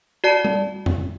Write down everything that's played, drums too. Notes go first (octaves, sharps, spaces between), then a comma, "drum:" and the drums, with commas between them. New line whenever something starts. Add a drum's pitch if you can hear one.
F#4 D5 A5
drum: tom G3
drum: tom E2